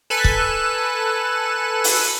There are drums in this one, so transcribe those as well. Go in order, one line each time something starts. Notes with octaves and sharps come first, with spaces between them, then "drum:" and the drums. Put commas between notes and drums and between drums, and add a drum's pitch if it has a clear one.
A4 B4 G#5 F#6 E7
drum: kick
drum: open hi-hat